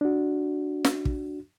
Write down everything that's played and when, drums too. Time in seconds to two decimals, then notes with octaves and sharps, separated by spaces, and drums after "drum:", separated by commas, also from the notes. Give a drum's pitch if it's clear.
0.01 D4 F#4
0.85 drum: snare
1.05 drum: kick